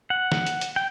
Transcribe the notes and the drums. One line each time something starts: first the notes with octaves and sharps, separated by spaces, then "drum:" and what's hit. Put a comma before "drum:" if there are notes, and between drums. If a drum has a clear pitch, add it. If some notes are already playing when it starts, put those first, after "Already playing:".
F#5
drum: snare
drum: hi-hat
drum: hi-hat
G5